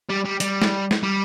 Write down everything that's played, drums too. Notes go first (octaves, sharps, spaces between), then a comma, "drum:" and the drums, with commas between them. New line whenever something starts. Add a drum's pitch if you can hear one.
G3
G3
G3, drum: hi-hat
drum: snare
drum: snare
G3